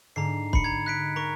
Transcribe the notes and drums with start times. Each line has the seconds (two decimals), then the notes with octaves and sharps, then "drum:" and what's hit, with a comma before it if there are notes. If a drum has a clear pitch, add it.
0.16 G#2 D3 A#5 C7
0.53 B5 C#7, drum: kick
0.64 A#5 G#6
0.86 D#4 F#6 B6 D7
1.16 A#4 A#5 C#6